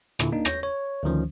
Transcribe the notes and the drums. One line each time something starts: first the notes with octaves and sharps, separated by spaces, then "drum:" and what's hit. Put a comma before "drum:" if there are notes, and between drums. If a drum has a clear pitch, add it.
A#2 D3 E4, drum: rim click
A#3 D4 D#4
C#5 G6 A#6, drum: rim click
C#5
D2 D3 D#3 F3 C#4